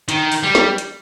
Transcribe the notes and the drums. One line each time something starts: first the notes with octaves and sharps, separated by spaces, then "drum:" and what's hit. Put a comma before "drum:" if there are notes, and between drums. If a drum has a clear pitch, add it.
D#3, drum: hi-hat
drum: open hi-hat
G3
drum: snare
drum: hi-hat